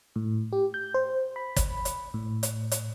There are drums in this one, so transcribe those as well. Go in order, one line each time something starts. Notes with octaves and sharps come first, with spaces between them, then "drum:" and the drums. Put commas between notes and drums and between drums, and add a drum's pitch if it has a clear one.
A2
G4
G6
C5
B5
drum: kick, hi-hat
drum: hi-hat
A2
drum: hi-hat
drum: hi-hat